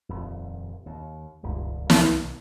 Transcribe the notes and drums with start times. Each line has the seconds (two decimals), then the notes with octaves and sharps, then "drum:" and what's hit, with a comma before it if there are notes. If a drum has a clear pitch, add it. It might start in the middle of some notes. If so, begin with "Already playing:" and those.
0.09 D#1 F2
0.86 D#2
1.43 D#1 C#2 G2
1.90 B1 C3 D#3, drum: snare